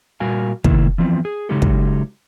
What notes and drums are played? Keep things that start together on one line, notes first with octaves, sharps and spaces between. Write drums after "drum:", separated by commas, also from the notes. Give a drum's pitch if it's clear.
A#2 G3 F#4 A#4 F5 G#5
A2 C3 D#3 A#3 E4, drum: kick
E3 F3 B3 C4
G#4
C#3 F#3 G#3 D#4 G4 A4
drum: kick